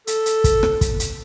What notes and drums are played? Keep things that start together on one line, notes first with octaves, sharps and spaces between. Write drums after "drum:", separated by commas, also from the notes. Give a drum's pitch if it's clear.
A4, drum: hi-hat
drum: hi-hat
drum: kick, hi-hat
drum: rim click
drum: kick, hi-hat
drum: hi-hat